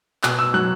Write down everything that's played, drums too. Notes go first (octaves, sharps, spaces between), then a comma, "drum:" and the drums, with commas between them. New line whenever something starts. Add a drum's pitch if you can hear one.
B2 F#6, drum: clap
E6
F#3 F#6